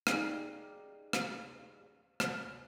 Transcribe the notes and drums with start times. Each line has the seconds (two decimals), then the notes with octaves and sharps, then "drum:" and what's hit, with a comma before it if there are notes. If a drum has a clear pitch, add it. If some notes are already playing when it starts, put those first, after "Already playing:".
0.07 D#4 G4 G#4 D5, drum: rim click
1.13 drum: rim click
2.20 drum: rim click